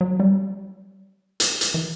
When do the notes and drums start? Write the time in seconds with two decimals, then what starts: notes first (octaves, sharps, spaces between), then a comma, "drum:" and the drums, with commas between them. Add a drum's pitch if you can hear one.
0.01 F#3
0.20 G3
1.40 drum: hi-hat
1.61 drum: hi-hat
1.74 E3